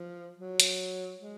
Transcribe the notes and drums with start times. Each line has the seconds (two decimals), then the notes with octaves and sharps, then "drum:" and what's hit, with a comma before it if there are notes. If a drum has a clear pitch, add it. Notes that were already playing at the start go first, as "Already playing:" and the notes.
Already playing: F3
0.40 F#3
0.60 drum: hi-hat
1.20 G#3